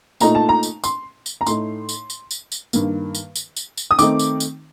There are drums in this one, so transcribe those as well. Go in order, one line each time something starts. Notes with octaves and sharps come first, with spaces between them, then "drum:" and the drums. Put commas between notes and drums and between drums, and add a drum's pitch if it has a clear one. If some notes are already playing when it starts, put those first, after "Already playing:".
A#2 A3 D#4 A#5, drum: tambourine
A5
A#5
drum: tambourine
C6, drum: tambourine
drum: tambourine
A#5
A2 A3 D#4 C6, drum: tambourine
drum: tambourine
drum: tambourine
drum: tambourine
drum: tambourine
G2 D#3 A#3, drum: tambourine
drum: tambourine
drum: tambourine
drum: tambourine
drum: tambourine
D#6
D#3 A3 C4 D#4 D6, drum: tambourine
drum: tambourine
drum: tambourine